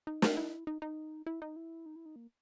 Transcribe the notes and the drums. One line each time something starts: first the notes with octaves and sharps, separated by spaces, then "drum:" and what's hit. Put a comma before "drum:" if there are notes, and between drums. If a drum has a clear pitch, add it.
D#4
C#4, drum: snare
E4
D#4
D#4
E4
D#4
E4
D#4
E4
D#4
A#3